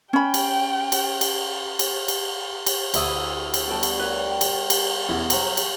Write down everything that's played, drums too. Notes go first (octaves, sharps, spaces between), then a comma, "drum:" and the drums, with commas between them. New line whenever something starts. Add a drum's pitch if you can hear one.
C#4 G5 B5
drum: cymbal
drum: cymbal
drum: cymbal
drum: cymbal
drum: cymbal
drum: cymbal
D2 E4 D#5, drum: cymbal
drum: cymbal
G3 B3 F#4 A4 G5 A5
drum: cymbal
A#4 B4 C#5 D5
G5
drum: cymbal
drum: cymbal
E2 C#4 E4 F#5
F#3 C5, drum: cymbal
drum: cymbal